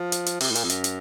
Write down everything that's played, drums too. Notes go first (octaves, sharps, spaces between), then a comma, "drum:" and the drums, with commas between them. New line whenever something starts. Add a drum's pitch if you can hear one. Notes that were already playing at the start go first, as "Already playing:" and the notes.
Already playing: F3
drum: hi-hat
drum: hi-hat
C3, drum: open hi-hat
A2
A#2, drum: hi-hat
F2
F#2, drum: hi-hat
drum: hi-hat